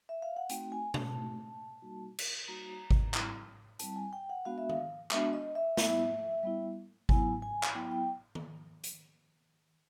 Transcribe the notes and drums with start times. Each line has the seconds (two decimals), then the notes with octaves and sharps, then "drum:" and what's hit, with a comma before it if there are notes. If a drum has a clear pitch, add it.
0.09 E5
0.22 F5
0.36 F#5
0.49 A3 C4 D#4 F#4 G5, drum: hi-hat
0.72 G#5
0.94 A5, drum: tom B2
1.16 A3 C4 D#4 F#4
1.82 G3 A#3 D#4 F#4
2.19 drum: cymbal
2.48 G3 A#3 D#4 F#4 A#5
2.91 drum: kick G#1
3.14 G3 C4 E4, drum: clap
3.79 G3 C4 E4 A5, drum: hi-hat
3.96 G#5
4.13 G5
4.30 F#5
4.45 G#3 B3 D4 F#4 F5
4.58 E5
4.69 F5, drum: tom D#3
5.11 G#3 B3 D4 F#4 E5, drum: clap
5.33 D#5
5.55 E5
5.77 G3 B3 E4, drum: snare
6.43 G3 B3 E4
7.09 F#3 B3 E4 G#5, drum: kick G#1
7.42 G#5
7.63 drum: clap
7.75 F#3 B3 E4 G5
7.92 G5
8.35 drum: tom D#3
8.84 drum: hi-hat